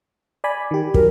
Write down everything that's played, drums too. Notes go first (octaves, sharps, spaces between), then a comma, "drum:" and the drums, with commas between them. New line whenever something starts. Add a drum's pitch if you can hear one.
D5 G#5 B5
D#3 G4
F#3 A#4, drum: kick